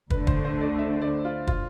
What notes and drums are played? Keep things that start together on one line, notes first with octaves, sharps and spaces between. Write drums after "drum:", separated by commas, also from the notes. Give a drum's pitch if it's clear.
D2 D3 A3 B4, drum: kick
C5, drum: kick
C5
D5
E5
D5
F4
F4, drum: kick